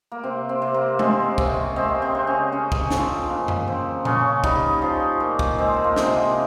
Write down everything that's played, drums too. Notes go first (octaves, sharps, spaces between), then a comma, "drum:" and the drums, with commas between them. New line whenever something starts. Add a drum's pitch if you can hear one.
A#3
C3 C4
C4
C3
A#3
G#3 C4, drum: tom G#3
C3 C#4, drum: kick
G#3 C4
C4
C#3
C#4
C#3 C#4
drum: kick
F3 C4, drum: snare
C#3 A#3
drum: tom F2
C#3 C4
C#3 C#4, drum: tom A#2
G3 D#4, drum: kick
F3
A#2
drum: kick
G#3 C4
A#3
C3, drum: snare
A#3